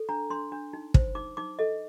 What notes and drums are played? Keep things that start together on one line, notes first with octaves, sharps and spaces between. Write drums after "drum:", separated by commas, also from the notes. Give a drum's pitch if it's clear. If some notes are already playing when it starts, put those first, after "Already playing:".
Already playing: A4
D4 A#5
D4 C6
D4
D#4
C5, drum: kick
D#4 D6
D#4 D6
A4 D#5